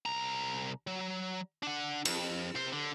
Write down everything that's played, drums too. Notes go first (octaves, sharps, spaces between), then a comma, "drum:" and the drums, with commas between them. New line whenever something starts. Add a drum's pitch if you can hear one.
C2 A#5
F#3
D4 F#5
F2, drum: cymbal
C3 C5
D3